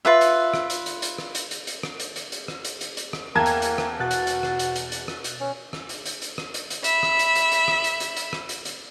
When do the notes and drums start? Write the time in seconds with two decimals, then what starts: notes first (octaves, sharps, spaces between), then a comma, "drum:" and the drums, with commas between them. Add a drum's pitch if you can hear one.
0.05 F4 B4 E5
0.21 drum: hi-hat
0.54 drum: rim click
0.70 drum: hi-hat
0.86 drum: hi-hat
1.02 drum: hi-hat
1.18 drum: rim click
1.35 drum: hi-hat
1.51 drum: hi-hat
1.67 drum: hi-hat
1.83 drum: rim click
2.00 drum: hi-hat
2.16 drum: hi-hat
2.32 drum: hi-hat
2.48 drum: rim click
2.65 drum: hi-hat
2.81 drum: hi-hat
2.97 drum: hi-hat
3.13 drum: rim click
3.35 E2 A#3 G5 A5 A#5 G#6
3.46 drum: hi-hat
3.62 drum: hi-hat
3.78 drum: rim click
4.00 B2 F#4 F#6 A6
4.11 drum: hi-hat
4.27 drum: hi-hat
4.43 drum: rim click
4.59 drum: hi-hat
4.76 drum: hi-hat
4.92 drum: hi-hat
5.08 drum: rim click
5.24 drum: hi-hat
5.41 C#4
5.73 drum: rim click
5.89 drum: hi-hat
6.06 drum: hi-hat
6.22 drum: hi-hat
6.38 drum: rim click
6.54 drum: hi-hat
6.70 drum: hi-hat
6.84 E5 B5, drum: hi-hat
7.03 drum: rim click
7.19 drum: hi-hat
7.35 drum: hi-hat
7.52 drum: hi-hat
7.68 drum: rim click
7.84 drum: hi-hat
8.00 drum: hi-hat
8.17 drum: hi-hat
8.33 drum: rim click
8.49 drum: hi-hat
8.65 drum: hi-hat